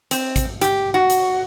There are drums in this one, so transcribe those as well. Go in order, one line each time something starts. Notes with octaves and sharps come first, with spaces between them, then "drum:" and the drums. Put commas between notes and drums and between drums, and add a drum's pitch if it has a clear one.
C4, drum: hi-hat
drum: kick, hi-hat
G4, drum: hi-hat
F#4
drum: hi-hat